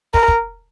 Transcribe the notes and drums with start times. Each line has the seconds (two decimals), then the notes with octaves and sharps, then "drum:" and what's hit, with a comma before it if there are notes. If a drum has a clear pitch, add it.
0.14 A#4, drum: kick
0.28 drum: kick